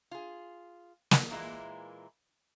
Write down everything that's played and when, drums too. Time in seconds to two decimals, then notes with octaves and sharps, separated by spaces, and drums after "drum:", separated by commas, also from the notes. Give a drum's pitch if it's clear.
0.11 F4 G#4
1.11 drum: snare
1.31 A#2 E3 G#3 A#3 E4